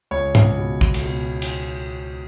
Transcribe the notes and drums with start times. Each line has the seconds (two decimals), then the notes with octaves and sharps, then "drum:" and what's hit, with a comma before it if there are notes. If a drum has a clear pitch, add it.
0.11 C#2 C#5
0.35 C#2, drum: tom G#2
0.58 B2
0.81 C#2, drum: kick
0.94 drum: cymbal
1.04 B2
1.42 drum: cymbal